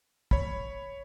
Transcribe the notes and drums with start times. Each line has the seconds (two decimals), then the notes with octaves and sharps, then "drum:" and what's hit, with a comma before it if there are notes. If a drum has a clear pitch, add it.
0.31 C#5 B5, drum: kick